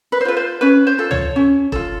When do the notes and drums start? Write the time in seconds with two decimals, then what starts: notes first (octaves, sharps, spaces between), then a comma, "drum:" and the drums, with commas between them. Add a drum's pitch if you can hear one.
0.12 B4
0.21 C5
0.25 F4 A4 B4
0.37 C5
0.61 C#4 B4
0.87 C5
0.98 F4 A4
1.11 C#5, drum: tom
1.36 C#4
1.72 F4 A4, drum: kick E1